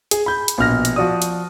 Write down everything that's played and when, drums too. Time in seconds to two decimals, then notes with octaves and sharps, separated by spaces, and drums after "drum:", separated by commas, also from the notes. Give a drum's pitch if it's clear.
0.11 G#4, drum: hi-hat
0.26 B5 G6
0.48 drum: hi-hat
0.58 A#1 B2 F6 A#6
0.85 drum: hi-hat
0.96 F3 F#4 D5 D#6
1.22 drum: hi-hat